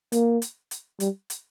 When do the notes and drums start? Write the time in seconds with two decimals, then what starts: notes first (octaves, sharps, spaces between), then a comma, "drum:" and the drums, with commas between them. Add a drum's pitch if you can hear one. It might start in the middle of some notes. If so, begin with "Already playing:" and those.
0.12 A#3, drum: hi-hat
0.42 drum: hi-hat
0.71 drum: hi-hat
1.00 G3, drum: hi-hat
1.30 drum: hi-hat